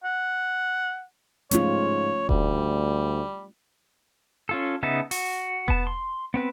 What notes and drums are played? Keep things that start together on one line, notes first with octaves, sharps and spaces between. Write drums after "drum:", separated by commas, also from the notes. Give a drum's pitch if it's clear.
F#5
G#2 A3 C#4 F4 C#5, drum: hi-hat
D2 G3, drum: kick E1
C#4 F4 A4
C#3 B3 D#4 E5 A5
F#4, drum: open hi-hat
B3 A5, drum: kick E1
C6
B3 C4 B4